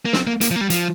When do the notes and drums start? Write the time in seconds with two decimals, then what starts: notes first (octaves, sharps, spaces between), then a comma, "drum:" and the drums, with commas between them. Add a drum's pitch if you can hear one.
0.05 A#3
0.13 C4, drum: snare
0.27 A#3
0.41 A#3, drum: hi-hat
0.51 F3
0.56 A#3
0.61 G3
0.70 F3, drum: hi-hat